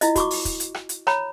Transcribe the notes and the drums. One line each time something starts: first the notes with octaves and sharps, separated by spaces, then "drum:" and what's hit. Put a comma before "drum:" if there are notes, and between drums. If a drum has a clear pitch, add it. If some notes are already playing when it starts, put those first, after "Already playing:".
E4 F4 D#5, drum: hi-hat
F#4 C#6 D6, drum: kick, hi-hat
drum: open hi-hat
drum: kick, hi-hat
drum: hi-hat
drum: rim click
drum: hi-hat
C#5 A#5 B5, drum: rim click